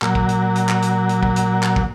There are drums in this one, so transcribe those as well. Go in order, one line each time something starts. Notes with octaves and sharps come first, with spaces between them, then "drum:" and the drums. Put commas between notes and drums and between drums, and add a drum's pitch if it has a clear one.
A#2 F#3, drum: clap
drum: kick
drum: hi-hat
drum: hi-hat
drum: clap
drum: hi-hat
drum: hi-hat
drum: kick
drum: hi-hat
drum: clap
drum: kick